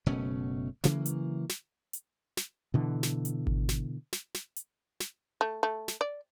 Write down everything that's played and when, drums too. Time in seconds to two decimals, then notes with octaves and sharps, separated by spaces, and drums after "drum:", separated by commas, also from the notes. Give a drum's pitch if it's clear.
0.06 F#1 B2 A3 C#4
0.84 C#3 E3 F#3 A#3, drum: snare
1.06 drum: hi-hat
1.49 drum: snare
1.93 drum: hi-hat
2.37 drum: snare
2.74 B2 D3 E3
3.03 drum: snare
3.25 drum: hi-hat
3.47 drum: kick G#1
3.69 drum: snare
4.13 drum: snare
4.34 drum: snare
4.56 drum: hi-hat
5.00 drum: snare
5.41 A3
5.63 A3
5.88 drum: snare
6.01 D5